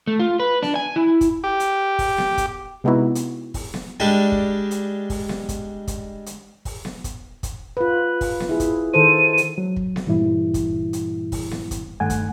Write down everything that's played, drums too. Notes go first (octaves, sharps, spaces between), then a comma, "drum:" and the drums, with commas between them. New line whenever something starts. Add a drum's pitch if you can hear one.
A3
F4
B4
D4, drum: snare B3
G#5
E4
drum: kick, hi-hat
G4
drum: hi-hat
drum: kick, open hi-hat
drum: snare B3
drum: kick, hi-hat
C3 G#3 B3 D#4 E4 F#4
drum: hi-hat
drum: kick, open hi-hat
drum: snare B3
G3 G#3 D4 G4
drum: kick
drum: hi-hat
drum: kick, open hi-hat
drum: snare B3
drum: kick, hi-hat
drum: kick, hi-hat
drum: hi-hat
drum: kick, open hi-hat
drum: snare B3
drum: kick, hi-hat
drum: kick, hi-hat
F4 B4
drum: kick, open hi-hat
drum: snare B3
E4 G#4
drum: kick, hi-hat
D#3 A4 C5 D#7
drum: hi-hat
F#3
drum: kick
drum: snare B3
G2 A#2 E3 G3 E4
drum: kick, hi-hat
drum: hi-hat
drum: kick, open hi-hat
drum: snare B3
drum: kick, hi-hat
G2 D#3 A3 F#5 G#5
drum: kick, hi-hat